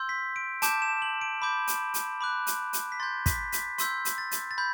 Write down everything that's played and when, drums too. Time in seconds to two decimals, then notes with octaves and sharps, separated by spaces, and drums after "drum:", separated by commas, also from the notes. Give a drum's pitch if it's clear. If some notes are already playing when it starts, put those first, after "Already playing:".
Already playing: C6 E6 G6
0.09 B6
0.36 D7
0.62 A5 D6 G6 D7, drum: hi-hat
0.82 E7
1.02 F#7
1.21 D7
1.42 B5 D6 G6
1.67 drum: hi-hat
1.94 drum: hi-hat
2.21 B5 D6 F#6
2.47 drum: hi-hat
2.73 drum: hi-hat
2.92 B6
3.00 C6 G6 A6
3.26 B6, drum: kick, hi-hat
3.52 B6, drum: hi-hat
3.78 C6 E6 G6 B6, drum: hi-hat
4.05 drum: hi-hat
4.18 A6
4.31 drum: hi-hat
4.51 A6
4.58 B5 G6